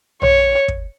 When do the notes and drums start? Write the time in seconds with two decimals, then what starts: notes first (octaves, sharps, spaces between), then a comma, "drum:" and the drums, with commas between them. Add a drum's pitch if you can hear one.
0.22 C#5, drum: tom A#1
0.68 drum: kick